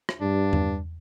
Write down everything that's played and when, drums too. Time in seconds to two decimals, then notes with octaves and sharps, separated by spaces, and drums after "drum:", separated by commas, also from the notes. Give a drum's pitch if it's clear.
0.09 drum: rim click
0.20 G2 D4
0.53 drum: tom E2